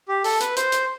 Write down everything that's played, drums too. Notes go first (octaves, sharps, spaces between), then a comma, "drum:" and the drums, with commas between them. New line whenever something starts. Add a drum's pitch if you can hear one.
G4
A4, drum: open hi-hat
B4, drum: hi-hat
C5, drum: hi-hat
drum: hi-hat